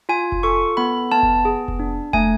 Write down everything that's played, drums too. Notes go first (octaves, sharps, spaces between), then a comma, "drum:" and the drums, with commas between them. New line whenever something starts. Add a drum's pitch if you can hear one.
F4 G#5
drum: kick F1
A4 C#6
B3 B5
B3 A5
drum: kick F1
G#4
drum: kick F1
D4
A3 G#5, drum: kick F1